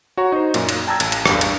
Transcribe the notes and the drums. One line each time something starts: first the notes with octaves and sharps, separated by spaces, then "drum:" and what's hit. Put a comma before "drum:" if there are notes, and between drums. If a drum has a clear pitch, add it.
F#4 C#5 A#5 C#6
D#4 C5
F#2 A#2, drum: cymbal
drum: cymbal
G5 A5 A#5 E6 G#6
A1, drum: cymbal
drum: cymbal
A1 E2 G2, drum: rim click
drum: cymbal